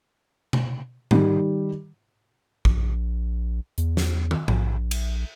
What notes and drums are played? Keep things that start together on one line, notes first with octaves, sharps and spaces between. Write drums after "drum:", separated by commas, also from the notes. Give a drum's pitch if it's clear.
drum: tom B2
D#3 G3, drum: tom G#2
A#1, drum: kick
E2, drum: hi-hat
drum: snare
drum: tom
A#1, drum: tom G#2
drum: cymbal